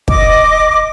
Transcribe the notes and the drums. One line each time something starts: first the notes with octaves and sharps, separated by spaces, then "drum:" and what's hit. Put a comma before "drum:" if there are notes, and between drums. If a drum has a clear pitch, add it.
D#5 D6, drum: kick